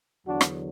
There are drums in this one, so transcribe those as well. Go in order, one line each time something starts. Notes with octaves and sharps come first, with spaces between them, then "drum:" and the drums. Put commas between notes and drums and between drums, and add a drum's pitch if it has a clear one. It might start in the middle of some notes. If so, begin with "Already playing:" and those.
E2 D3 F#3 D4 F#4
drum: rim click